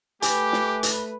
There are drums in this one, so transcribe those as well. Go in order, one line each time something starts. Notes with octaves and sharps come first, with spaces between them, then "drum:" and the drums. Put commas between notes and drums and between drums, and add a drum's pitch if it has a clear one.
A3 G4 B4 G#5 D6, drum: hi-hat
drum: snare
drum: hi-hat